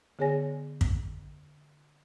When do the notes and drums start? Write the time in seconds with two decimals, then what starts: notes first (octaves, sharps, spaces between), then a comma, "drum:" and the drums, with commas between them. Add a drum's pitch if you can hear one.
0.19 D3 B3 G#4 C#5 G#5 A#6
0.81 drum: kick